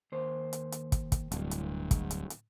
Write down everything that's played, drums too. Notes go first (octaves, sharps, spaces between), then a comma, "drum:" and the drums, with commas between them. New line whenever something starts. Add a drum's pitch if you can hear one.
D#2 C5
drum: hi-hat
drum: hi-hat
drum: kick, hi-hat
drum: kick, hi-hat
D1 G2, drum: hi-hat
drum: hi-hat
drum: kick, hi-hat
drum: hi-hat
drum: hi-hat